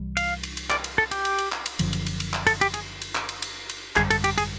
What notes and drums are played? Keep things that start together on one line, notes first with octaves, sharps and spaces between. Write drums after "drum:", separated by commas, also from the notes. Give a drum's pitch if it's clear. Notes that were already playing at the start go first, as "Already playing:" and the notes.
Already playing: C2 C3 E3 G3
F5, drum: cymbal
drum: cymbal
drum: cymbal
D5, drum: clap
drum: cymbal
A4
G4, drum: cymbal
drum: cymbal
drum: cymbal
drum: clap
drum: cymbal
F#1 F#2 D3 F3, drum: cymbal
drum: cymbal
drum: cymbal
drum: cymbal
drum: clap
A4, drum: cymbal
G4, drum: cymbal
G#4, drum: cymbal
drum: cymbal
drum: clap
drum: cymbal
drum: cymbal
drum: cymbal
G#1 F#2 D3 G3 G#4, drum: clap
A4, drum: cymbal
G4, drum: cymbal
G#4, drum: cymbal